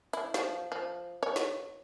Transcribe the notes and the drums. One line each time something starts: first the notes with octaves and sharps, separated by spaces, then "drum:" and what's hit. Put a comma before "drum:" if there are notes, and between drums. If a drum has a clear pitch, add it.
E4, drum: hi-hat
F3, drum: snare
F3
C#5
drum: snare